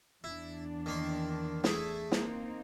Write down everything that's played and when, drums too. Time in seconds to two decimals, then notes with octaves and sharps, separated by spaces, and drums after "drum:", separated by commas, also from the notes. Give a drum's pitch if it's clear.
0.24 E2 D4 E4
0.86 D#3 A#3 C6
1.64 A3 E4 G#4, drum: snare
2.12 A#3 C4 D#4, drum: snare